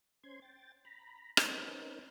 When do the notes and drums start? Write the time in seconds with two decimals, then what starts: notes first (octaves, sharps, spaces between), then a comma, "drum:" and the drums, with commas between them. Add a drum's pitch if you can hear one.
0.24 C#4 C5 C6 G#6
0.42 G5 A6
0.85 A#5 B5
1.37 C4 C#4 D#4 A#4 B4, drum: rim click